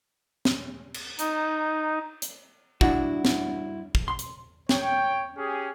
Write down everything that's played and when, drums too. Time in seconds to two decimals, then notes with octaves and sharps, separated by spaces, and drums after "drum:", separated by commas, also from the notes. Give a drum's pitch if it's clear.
0.45 drum: snare
0.94 drum: cymbal
1.19 D#4, drum: hi-hat
2.22 drum: hi-hat
2.81 G2 D4 E4 F#4, drum: kick
3.25 drum: snare
3.95 drum: kick
4.08 C6
4.19 drum: hi-hat
4.69 C#5 G5, drum: snare
5.37 C#4 G4 G#4